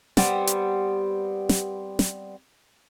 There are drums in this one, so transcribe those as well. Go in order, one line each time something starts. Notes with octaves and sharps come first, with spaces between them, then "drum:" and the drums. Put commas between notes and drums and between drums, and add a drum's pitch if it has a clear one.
G3 B3 C4, drum: snare
drum: hi-hat
drum: snare
drum: snare